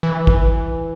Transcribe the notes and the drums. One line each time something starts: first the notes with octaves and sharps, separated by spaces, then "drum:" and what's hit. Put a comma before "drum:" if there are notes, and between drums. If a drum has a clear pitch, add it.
E3
drum: kick